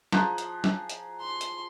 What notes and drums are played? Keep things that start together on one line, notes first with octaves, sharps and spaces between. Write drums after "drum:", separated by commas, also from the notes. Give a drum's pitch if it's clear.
F3 G#4 A#5 F#6 G6, drum: snare
drum: hi-hat
drum: snare
drum: hi-hat
C6
drum: hi-hat